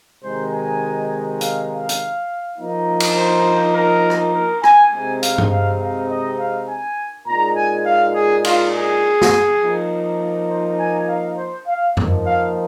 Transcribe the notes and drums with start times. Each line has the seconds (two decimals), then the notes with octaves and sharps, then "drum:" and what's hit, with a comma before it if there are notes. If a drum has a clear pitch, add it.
0.24 C3 D#3 G#3 D#4 C5
0.53 G#5
1.41 F5, drum: hi-hat
1.70 F5
1.89 drum: hi-hat
2.58 F3 A#3 D#4
3.00 drum: cymbal
3.17 C5
3.75 A#4
4.10 drum: rim click
4.34 A#4
4.64 G#5, drum: rim click
4.93 C3 G#3 C4 D#4 G#5
5.23 F5, drum: hi-hat
5.38 drum: tom G2
5.52 F5
5.81 F5
6.10 D#5
6.40 F5
6.69 G#5
7.27 A#2 G#3 D#4 A#5
7.57 G#5
7.86 F5
8.15 G#4
8.45 F4, drum: cymbal
8.74 G#4
9.22 drum: snare
9.62 F3 A#3 D#4
10.51 C5
10.79 G#5
11.09 F5
11.38 C5
11.68 F5
11.97 F3 A#3 D#4, drum: tom F2
12.26 F5